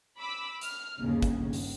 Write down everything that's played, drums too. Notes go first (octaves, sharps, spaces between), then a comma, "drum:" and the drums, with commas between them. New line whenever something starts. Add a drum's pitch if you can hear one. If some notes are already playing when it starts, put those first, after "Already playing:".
B5 D6 E6
F6, drum: hi-hat
G1 D#2 C#3
drum: kick, hi-hat
drum: open hi-hat